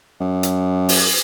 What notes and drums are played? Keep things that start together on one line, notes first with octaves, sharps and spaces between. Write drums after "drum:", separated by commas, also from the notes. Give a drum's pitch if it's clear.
F#2
drum: hi-hat
drum: open hi-hat